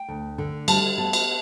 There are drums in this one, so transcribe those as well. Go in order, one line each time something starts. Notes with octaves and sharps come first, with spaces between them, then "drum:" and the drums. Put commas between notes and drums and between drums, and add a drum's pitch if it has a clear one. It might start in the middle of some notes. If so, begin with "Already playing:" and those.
Already playing: G5
D2
D3
G3 A5, drum: cymbal
B3 A5
drum: cymbal